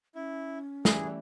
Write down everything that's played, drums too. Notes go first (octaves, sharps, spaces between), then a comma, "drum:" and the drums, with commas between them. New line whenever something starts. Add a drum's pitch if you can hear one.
C#4 E4
E3 G3 A3 G#4, drum: snare